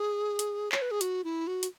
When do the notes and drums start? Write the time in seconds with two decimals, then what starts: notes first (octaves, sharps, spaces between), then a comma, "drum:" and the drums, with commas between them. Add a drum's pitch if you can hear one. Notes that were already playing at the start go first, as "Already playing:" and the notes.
Already playing: G#4
0.39 drum: hi-hat
0.72 C#5, drum: clap
0.82 B4
0.91 G#4
1.01 F#4, drum: hi-hat
1.24 E4
1.47 F#4
1.63 drum: hi-hat